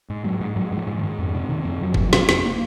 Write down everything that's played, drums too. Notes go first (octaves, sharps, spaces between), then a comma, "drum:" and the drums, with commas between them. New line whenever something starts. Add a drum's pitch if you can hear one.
G#2
G#2 F#3
G#2
G#2 F#3
G#2 F3
G#2
D#3
G#2
F2
C3
C3 D#3
F2
F2 F#3
C3 F3, drum: kick
F#3
C3, drum: snare
F2, drum: snare
A#3